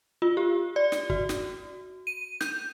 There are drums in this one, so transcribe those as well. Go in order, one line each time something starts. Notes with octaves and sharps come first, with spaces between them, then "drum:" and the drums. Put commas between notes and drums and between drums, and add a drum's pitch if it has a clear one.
F4
G4
D5
drum: snare
F#4, drum: kick
drum: snare
D#7
G6, drum: snare